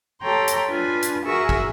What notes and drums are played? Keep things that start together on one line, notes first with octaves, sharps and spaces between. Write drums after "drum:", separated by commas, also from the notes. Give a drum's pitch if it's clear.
G4 A4 C#5 G5 A#5 C6
drum: hi-hat
D4 F4 B4 G#5
drum: hi-hat
F#4 G#4 A#4 E5 C#6 E6
drum: kick